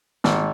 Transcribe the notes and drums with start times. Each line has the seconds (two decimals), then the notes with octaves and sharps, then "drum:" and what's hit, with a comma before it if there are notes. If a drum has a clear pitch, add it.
0.24 G#1, drum: snare